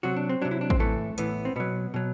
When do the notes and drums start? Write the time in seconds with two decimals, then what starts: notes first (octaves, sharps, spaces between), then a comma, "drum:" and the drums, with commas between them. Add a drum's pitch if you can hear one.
0.03 C3 F#3 F#4
0.16 D4
0.29 C4
0.42 C3 F#3 D4
0.51 E4
0.61 D4
0.70 C4, drum: kick A1
0.79 A2 E3 A3
1.18 A2 E3 B3, drum: hi-hat
1.45 C4
1.56 B2 F#3 B3
1.94 B2 F#3